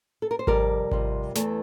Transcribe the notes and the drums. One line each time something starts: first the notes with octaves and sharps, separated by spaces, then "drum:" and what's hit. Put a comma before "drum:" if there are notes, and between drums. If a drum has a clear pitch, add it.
A4
A#4
C5
F2 C3 G3 A#4 D5, drum: kick G#1
F2 C3 G3, drum: kick G#1
E2 E3 A3, drum: snare